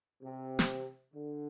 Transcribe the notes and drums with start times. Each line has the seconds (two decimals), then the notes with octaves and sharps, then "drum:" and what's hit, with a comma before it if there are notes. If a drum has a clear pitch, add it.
0.23 C3
0.59 drum: snare
1.13 D3